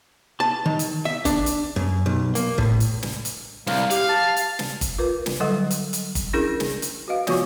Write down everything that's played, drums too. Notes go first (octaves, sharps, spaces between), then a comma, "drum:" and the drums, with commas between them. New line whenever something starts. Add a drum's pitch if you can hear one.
A5
D#3
drum: hi-hat
E5
D4, drum: kick, hi-hat
drum: hi-hat
F#2
B1
A#3, drum: hi-hat
A2, drum: kick
drum: hi-hat
drum: snare
drum: hi-hat
C2 F5, drum: snare
G4 F5, drum: hi-hat
A5
drum: hi-hat
drum: snare
drum: kick, hi-hat
F4 A#4 B4
drum: snare
D3 F#3 G3 A4 D#5 F#5
drum: hi-hat
drum: hi-hat
drum: kick, hi-hat
C#4 D4 E4 G#4 A#4
drum: snare
drum: hi-hat
F#4 B4 D#5 F5
F3 B3 F4 F#4 C#5 C#6, drum: snare